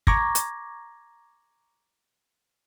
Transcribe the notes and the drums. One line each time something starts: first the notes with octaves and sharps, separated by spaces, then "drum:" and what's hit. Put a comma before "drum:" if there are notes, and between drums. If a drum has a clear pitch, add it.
A#5 C#6 D6 G#6 A#6, drum: kick
drum: hi-hat